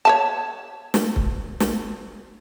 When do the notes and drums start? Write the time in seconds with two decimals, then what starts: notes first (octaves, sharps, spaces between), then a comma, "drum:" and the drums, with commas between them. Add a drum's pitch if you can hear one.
0.05 C#5 E5 A5
0.94 drum: snare
1.16 drum: kick C#1
1.60 drum: snare